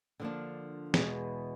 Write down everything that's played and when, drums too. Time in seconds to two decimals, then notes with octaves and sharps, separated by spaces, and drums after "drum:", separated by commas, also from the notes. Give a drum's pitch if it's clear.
0.20 D3 F3 A#3 D4
0.94 E2 B2 G#3 B3, drum: snare